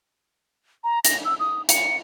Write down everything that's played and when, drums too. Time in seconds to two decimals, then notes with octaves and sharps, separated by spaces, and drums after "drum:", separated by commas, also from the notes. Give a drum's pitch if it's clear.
0.84 A#5
1.05 A#6, drum: hi-hat
1.25 E6
1.40 D#6
1.69 C#7, drum: hi-hat